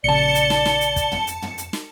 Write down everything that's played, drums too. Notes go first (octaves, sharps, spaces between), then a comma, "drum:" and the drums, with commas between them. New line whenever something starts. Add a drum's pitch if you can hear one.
A#1 C#3 D5 A5 C#7 G7
drum: hi-hat
drum: snare
drum: snare
drum: hi-hat
drum: kick, hi-hat
drum: tom
drum: hi-hat
drum: tom
drum: hi-hat
drum: snare